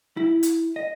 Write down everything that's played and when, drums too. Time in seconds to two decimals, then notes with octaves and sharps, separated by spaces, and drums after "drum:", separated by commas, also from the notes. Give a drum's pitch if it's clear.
0.17 E4
0.43 drum: hi-hat
0.76 D#5